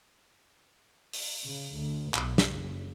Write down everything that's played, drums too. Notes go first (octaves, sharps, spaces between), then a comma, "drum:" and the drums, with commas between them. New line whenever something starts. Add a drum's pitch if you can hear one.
drum: open hi-hat
C#3
D2
B1, drum: clap
drum: snare
F#1